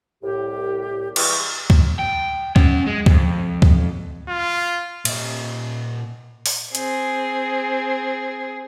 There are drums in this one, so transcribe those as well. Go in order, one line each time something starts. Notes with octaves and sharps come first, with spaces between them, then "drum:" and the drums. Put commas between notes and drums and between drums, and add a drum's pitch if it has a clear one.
C2 A2 G4
E3 G3 G#3 G4 G5 C#6, drum: cymbal
drum: kick C#2
G5
C#4 F#5, drum: kick C#2
G#3
F2 G#2, drum: kick C#2
drum: kick C#2
F4
A#2 D#5, drum: cymbal
drum: open hi-hat
C4 G#4, drum: hi-hat